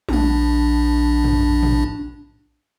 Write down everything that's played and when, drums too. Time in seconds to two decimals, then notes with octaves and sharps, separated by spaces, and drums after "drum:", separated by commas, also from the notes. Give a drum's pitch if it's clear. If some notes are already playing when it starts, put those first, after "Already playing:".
0.09 A#1 D4, drum: tom
1.24 drum: tom
1.63 drum: tom